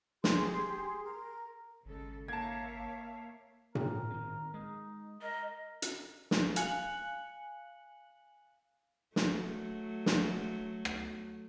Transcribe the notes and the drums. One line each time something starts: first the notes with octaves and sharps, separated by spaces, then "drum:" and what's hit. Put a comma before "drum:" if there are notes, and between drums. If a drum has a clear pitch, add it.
G4 G#4 C6, drum: snare
A#4
G#1 C#3 G#3 A4
A#3 C#5 E5 F5 A5 G#6
G#2 A#4, drum: tom A#2
D#3 C4
G#3 D#4
A#4 D#5
drum: hi-hat
drum: snare
F5 G#5 F#6 C#7 F#7, drum: hi-hat
F#3 A3, drum: snare
drum: snare
drum: rim click